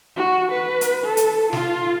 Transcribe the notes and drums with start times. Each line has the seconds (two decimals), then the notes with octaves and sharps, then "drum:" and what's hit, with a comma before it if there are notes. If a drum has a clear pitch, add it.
0.16 F#4
0.52 B4
0.81 drum: hi-hat
1.04 A4
1.17 drum: hi-hat
1.53 F4, drum: snare